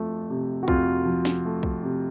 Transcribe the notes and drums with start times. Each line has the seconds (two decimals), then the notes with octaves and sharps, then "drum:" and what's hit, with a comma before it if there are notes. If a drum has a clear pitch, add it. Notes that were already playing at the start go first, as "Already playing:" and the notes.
Already playing: F2 F3 A3
0.29 C3
0.63 F#4
0.68 F2 F4, drum: kick B1
1.06 F3
1.25 drum: snare
1.45 A3
1.63 drum: kick B1
1.83 C3